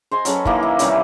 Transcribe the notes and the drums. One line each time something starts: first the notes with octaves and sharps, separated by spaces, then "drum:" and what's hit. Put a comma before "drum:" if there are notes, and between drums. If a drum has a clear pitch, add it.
C5 D#5 G#5 A#5
F#3 C#4 A4 B4, drum: hi-hat
D#3 E3 A#3 E4, drum: kick
D#3 E4
C3 E3 G3 C#4, drum: hi-hat